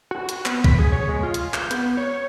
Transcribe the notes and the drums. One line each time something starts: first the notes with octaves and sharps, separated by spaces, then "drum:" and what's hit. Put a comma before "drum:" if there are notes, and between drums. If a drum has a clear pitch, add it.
F#4
drum: hi-hat
B3, drum: clap
B6, drum: kick
G#4
C#5
G#3
F4
drum: hi-hat
G6, drum: clap
B3, drum: hi-hat
C#5